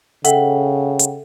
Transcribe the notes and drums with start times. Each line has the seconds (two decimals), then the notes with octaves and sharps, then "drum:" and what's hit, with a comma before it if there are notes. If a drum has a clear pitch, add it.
0.25 C#3 A4 E5 F#5 G5, drum: hi-hat
0.99 drum: hi-hat